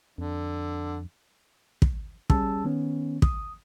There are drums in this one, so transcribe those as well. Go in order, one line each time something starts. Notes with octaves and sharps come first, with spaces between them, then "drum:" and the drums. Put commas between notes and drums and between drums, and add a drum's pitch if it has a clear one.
F2 D3
drum: kick
C#2 G3 C#4 G#4 A5 E6, drum: kick
D#3 B3 C#4
D#6, drum: kick